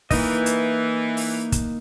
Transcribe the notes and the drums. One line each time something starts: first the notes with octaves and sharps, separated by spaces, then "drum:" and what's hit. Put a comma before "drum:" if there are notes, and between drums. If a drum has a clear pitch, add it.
E3 A#3 D#4 D#5, drum: kick, open hi-hat
drum: hi-hat
drum: open hi-hat
drum: kick, hi-hat